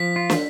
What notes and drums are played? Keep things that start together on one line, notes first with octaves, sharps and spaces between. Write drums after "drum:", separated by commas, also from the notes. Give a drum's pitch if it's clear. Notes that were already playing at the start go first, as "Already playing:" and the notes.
Already playing: F3 B6
F4
drum: snare